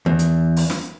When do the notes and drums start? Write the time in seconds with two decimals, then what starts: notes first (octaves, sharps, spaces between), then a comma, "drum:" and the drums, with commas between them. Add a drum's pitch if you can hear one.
0.06 E2
0.19 drum: hi-hat
0.56 drum: open hi-hat
0.70 drum: snare